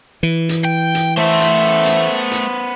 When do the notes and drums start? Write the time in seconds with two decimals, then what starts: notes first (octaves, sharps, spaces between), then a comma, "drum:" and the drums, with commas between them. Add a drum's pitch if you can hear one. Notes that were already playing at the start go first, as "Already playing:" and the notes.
0.23 E3
0.49 drum: hi-hat
0.65 G5
0.95 drum: hi-hat
1.17 A3 B3 C5 E5
1.40 drum: hi-hat
1.86 drum: hi-hat
2.31 drum: hi-hat